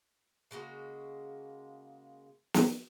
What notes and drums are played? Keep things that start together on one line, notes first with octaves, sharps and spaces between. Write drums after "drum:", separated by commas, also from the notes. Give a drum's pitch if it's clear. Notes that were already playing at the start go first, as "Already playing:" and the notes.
C#3 G#3 A#3 F#4
drum: snare